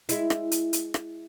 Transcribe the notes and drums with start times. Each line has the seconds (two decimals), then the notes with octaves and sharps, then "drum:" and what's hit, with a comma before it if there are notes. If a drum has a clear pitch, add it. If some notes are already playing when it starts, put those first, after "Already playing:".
0.09 G#3 E4, drum: hi-hat
0.30 drum: rim click
0.51 drum: hi-hat
0.73 drum: hi-hat
0.94 drum: rim click